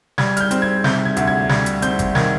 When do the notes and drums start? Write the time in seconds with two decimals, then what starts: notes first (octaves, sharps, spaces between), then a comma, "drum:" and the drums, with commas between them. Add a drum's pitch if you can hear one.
0.18 G3 G#6, drum: snare
0.37 F6, drum: hi-hat
0.41 G6
0.51 C4, drum: hi-hat
0.62 G#6
0.84 C3 G6, drum: snare
1.05 G#6
1.16 D2, drum: hi-hat
1.27 G#6
1.49 G3 G#6, drum: snare
1.66 drum: hi-hat
1.82 C4 G6, drum: hi-hat
1.99 drum: kick G#1, hi-hat
2.15 D#3 G#6, drum: snare